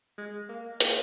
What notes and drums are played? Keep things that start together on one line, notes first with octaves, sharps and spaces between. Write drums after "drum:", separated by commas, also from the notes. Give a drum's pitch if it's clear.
G#3
A#3
A#3, drum: hi-hat